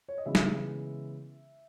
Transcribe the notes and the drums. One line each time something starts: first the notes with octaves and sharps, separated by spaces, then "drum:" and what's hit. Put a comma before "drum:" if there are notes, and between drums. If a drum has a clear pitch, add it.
C#5
D#5
C#3 E3 G#3 B3 E5
drum: snare